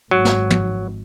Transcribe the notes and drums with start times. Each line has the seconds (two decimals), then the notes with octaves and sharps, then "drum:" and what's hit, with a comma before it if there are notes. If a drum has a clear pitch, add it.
0.11 G#1 F#3
0.25 drum: snare
0.50 drum: tom